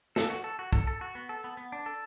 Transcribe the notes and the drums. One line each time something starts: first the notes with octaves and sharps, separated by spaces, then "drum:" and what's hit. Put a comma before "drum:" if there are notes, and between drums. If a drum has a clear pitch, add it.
A4, drum: snare
F#4
A4
F#4
A4, drum: kick
A4
F#4
B3
A4
B3
B3
D4
A4